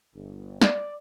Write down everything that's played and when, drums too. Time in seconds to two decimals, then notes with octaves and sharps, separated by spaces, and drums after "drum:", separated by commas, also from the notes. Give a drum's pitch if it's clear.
0.15 G1
0.61 D5, drum: snare